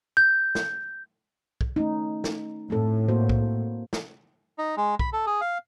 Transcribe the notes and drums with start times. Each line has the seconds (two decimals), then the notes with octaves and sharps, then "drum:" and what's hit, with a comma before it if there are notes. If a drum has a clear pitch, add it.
0.17 G6
0.55 drum: snare
1.61 drum: kick
1.76 A3 C#4 D#4
2.24 drum: snare
2.70 A2 A3 C4 A4
3.09 A#3 F#4 C5
3.29 drum: kick
3.93 drum: snare
4.58 D#4
4.77 G#3
4.99 B5, drum: kick
5.13 A4
5.26 G#4
5.41 F5